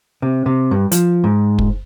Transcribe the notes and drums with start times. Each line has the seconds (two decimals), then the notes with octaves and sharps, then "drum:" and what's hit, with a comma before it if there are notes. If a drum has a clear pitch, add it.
0.22 C3
0.46 C3
0.71 G2
0.92 F3, drum: hi-hat
1.24 G#2
1.59 drum: kick